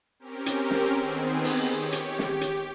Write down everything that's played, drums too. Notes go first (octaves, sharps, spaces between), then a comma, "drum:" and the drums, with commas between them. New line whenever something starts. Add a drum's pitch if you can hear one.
C4 C#4 G4 A#4
drum: hi-hat
drum: snare
D#3 B3 C4 G#4
drum: open hi-hat
G4 C#5
drum: hi-hat
G4, drum: snare
drum: hi-hat